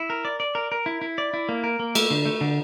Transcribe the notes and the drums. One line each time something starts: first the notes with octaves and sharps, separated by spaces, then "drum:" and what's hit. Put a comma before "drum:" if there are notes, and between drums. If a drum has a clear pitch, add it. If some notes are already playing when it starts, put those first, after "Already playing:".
Already playing: E4
A#4
D5
D5
A#4
A#4
E4
E4
D5
E4
A#3
A#4
A#3
A3, drum: cymbal
D3
A3
D3